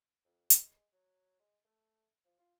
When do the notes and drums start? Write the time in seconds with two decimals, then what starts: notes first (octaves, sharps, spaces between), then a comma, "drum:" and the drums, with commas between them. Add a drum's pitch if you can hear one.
0.24 F2
0.50 G#3, drum: hi-hat
0.93 F#3
1.39 G#3
1.65 A3
2.25 F3
2.38 F4